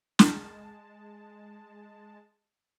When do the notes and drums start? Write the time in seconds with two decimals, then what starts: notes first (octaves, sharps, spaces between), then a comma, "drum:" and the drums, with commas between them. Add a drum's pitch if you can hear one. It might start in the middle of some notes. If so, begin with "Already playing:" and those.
0.19 G#3 A5, drum: snare